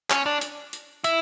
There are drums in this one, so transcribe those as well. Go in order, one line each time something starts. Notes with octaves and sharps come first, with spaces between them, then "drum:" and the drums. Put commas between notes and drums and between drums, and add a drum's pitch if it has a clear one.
C#4, drum: clap
D4
drum: hi-hat
drum: hi-hat
E4, drum: hi-hat